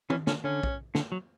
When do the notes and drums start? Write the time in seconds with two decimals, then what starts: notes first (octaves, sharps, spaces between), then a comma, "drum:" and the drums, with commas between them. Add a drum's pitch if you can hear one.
0.10 E3 C#4, drum: tom
0.27 D3 C#4, drum: snare
0.44 D3 C#4
0.63 drum: kick A#1
0.95 D3, drum: snare
1.12 F#3